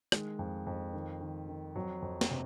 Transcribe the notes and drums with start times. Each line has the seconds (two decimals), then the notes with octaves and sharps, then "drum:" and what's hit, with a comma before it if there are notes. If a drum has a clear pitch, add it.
0.12 D#3 G#3, drum: rim click
0.39 F2
0.67 F2
0.93 D#3
1.21 D#3
1.49 D#3
1.76 F2 F#3
2.02 F2
2.21 drum: snare
2.30 C3